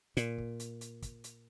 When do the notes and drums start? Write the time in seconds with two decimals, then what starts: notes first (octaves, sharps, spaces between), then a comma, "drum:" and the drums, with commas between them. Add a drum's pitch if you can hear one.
0.17 A#2, drum: hi-hat
0.38 drum: kick
0.60 drum: hi-hat
0.81 drum: hi-hat
1.02 drum: kick, hi-hat
1.24 drum: hi-hat